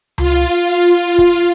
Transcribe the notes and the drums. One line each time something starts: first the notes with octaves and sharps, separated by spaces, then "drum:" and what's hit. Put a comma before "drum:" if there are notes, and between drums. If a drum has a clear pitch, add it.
F4, drum: tom C#2
drum: kick